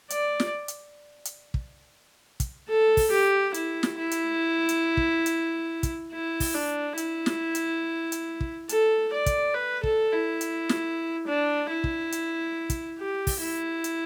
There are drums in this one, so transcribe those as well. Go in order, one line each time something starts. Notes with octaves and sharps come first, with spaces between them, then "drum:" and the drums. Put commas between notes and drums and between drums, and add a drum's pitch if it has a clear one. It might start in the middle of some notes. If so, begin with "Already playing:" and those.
D5, drum: hi-hat
drum: snare
drum: hi-hat
drum: hi-hat
drum: kick
drum: kick, hi-hat
A4
drum: kick, open hi-hat
G4
E4, drum: hi-hat
drum: snare
E4
drum: hi-hat
drum: hi-hat
drum: kick
drum: hi-hat
drum: kick, hi-hat
E4
drum: kick, open hi-hat
D4
E4, drum: hi-hat
drum: snare
drum: hi-hat
drum: hi-hat
drum: kick
A4, drum: hi-hat
D5
drum: kick, hi-hat
B4
A4, drum: kick
E4
drum: hi-hat
drum: snare
D4
E4
drum: kick
drum: hi-hat
drum: kick, hi-hat
G4
drum: kick, open hi-hat
E4
drum: hi-hat